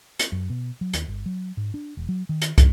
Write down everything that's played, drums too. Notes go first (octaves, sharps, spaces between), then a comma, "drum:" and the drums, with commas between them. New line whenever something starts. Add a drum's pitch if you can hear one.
drum: hi-hat
F#2
B2
F#3
D#2, drum: hi-hat
G1
F#3
G#2
D4
E1
F#3
D#3
drum: hi-hat
F2, drum: kick, hi-hat